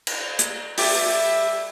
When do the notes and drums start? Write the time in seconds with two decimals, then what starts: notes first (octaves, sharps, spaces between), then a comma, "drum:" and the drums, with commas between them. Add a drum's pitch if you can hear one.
0.07 drum: cymbal
0.39 drum: hi-hat
0.78 G3 A4 D5 E5 G5, drum: open hi-hat